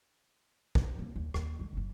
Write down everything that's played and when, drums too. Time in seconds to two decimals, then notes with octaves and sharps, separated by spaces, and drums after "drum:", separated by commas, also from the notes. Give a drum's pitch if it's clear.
0.75 drum: kick
0.99 A#3 C4
1.16 D#2
1.34 D#2 D#3, drum: rim click
1.59 D3 G#3
1.73 F#1 F#2